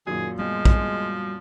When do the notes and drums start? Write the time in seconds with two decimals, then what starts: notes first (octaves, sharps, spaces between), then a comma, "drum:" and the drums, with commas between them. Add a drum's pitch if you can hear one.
0.07 F#2 A#2 D#3 G#4
0.39 F3 G3 G#3 B3
0.65 drum: kick